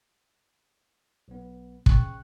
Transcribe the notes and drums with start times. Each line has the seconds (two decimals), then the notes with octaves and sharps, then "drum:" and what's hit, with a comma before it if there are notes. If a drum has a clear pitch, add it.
1.28 B1 B3
1.86 C#3 G5 C#6 F#6, drum: kick